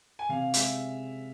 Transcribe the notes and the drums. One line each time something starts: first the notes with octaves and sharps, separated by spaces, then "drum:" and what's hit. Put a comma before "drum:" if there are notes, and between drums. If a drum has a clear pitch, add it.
G#5
C3 F5
G#3 E5, drum: hi-hat